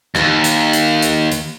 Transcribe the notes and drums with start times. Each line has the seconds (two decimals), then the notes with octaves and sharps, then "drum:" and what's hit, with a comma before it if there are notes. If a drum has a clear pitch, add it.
0.15 D#2, drum: rim click
0.44 drum: hi-hat
0.73 drum: hi-hat
1.02 drum: hi-hat
1.31 drum: hi-hat